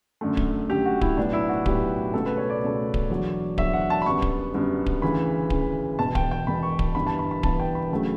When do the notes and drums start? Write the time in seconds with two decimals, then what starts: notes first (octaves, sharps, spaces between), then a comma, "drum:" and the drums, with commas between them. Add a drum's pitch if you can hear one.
0.21 F#2 D3 A3
0.37 drum: kick D1
0.70 F#2 D3 A3 G4
0.86 F#4
1.01 E4, drum: kick D1
1.17 B1 A2 F#3 B3 D4
1.33 E4
1.49 F#4
1.66 B1 A2 F#3 B3 G4, drum: kick D1
2.14 C#2 B2 A3 A4
2.26 B4
2.38 C#5
2.50 D5
2.62 C#2 B2 A3
2.94 drum: kick D1
3.10 E2 D3 F#3
3.58 E2 D3 F#3 E5, drum: kick D1
3.74 F#5
3.90 A5
4.02 B5
4.06 F#2 D3 G3 B3 C#6
4.22 drum: kick D1
4.54 F#2 D3 G3 B3
4.86 drum: kick D1
5.02 D2 C#3 E3 B5
5.50 D2 C#3 E3, drum: kick D1
5.99 E1 E2 B2 A5
6.15 G5, drum: kick D1
6.31 G5
6.47 E1 E2 B2 B5
6.63 C#6
6.79 drum: kick D1
6.95 G1 G2 E3 G3 B3 B5
7.07 A5
7.19 B5
7.31 B5
7.43 G1 G2 E3 G3 B3 A5, drum: kick D1
7.60 G5
7.75 B5
7.91 D2 C#3 F#3 A3